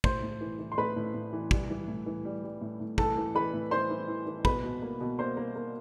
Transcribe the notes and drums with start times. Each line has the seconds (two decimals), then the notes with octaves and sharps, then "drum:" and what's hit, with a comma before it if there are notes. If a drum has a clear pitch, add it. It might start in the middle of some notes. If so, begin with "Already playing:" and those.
0.04 A2 C5 C6, drum: kick
0.23 A2
0.41 E3
0.59 E3
0.72 C6
0.78 A2 B4 B5
0.96 A2
1.14 A2
1.33 E3
1.51 G3, drum: kick
1.70 E3
1.88 A2
2.06 E3
2.25 G3
2.44 G3
2.61 A2
2.80 A2
2.98 E3 A4 A5, drum: kick
3.17 E3
3.35 E3 B4 B5
3.53 A2
3.71 E3 C5 C6
3.90 E3
4.08 E3
4.27 E3
4.45 B2 B4 B5, drum: kick
4.64 B2
4.82 A#3
5.01 B2
5.19 A#3 C5 C6
5.37 A#3
5.55 A#3